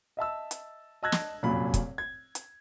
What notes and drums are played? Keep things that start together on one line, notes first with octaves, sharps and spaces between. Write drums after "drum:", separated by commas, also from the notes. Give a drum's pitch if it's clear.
D#5 E5 A5 E6
drum: hi-hat
D#5 A5 E6 F#6 G#6 A#6
drum: snare
F1 F#2 A#2 B5
drum: kick, hi-hat
G#6
drum: hi-hat